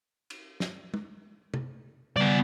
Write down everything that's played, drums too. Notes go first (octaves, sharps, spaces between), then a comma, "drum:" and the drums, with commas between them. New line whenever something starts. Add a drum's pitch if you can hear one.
drum: cymbal
drum: snare
drum: tom
drum: tom
C#3 G3 B3 D5